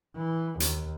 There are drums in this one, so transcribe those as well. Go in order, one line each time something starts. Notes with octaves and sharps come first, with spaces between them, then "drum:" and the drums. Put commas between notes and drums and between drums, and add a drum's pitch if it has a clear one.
E3
D#2, drum: hi-hat